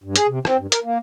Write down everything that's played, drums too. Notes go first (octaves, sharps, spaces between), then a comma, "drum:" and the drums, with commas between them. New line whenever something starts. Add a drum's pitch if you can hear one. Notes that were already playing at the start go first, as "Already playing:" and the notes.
G2
G#4, drum: hi-hat
C3
C4, drum: rim click
G2
A#4, drum: hi-hat
A#3